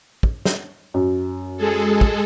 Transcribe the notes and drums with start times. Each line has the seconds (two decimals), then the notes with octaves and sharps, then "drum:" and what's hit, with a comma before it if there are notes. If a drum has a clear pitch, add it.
0.23 drum: kick
0.45 drum: snare
0.94 F#2
1.57 G#3 G#4 A4
2.01 drum: kick